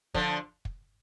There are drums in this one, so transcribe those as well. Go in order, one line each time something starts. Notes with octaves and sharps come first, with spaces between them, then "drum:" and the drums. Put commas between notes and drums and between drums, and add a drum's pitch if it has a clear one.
D3 F3, drum: kick
drum: kick